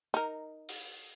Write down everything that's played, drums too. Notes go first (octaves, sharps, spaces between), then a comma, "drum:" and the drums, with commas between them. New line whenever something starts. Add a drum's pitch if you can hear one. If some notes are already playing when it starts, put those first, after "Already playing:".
D#4 A#4
drum: open hi-hat